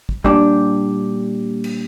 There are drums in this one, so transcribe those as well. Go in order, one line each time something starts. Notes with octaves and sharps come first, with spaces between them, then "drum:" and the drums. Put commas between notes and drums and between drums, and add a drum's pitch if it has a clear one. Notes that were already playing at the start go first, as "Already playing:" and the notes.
drum: kick
A#2 G3 D4 G4, drum: kick
drum: cymbal